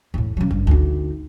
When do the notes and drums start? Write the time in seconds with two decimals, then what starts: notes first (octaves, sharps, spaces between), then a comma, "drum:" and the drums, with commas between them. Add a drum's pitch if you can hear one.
0.14 E2 A2
0.37 C#3 F#3
0.51 G2, drum: kick G#1
0.67 D2 D#4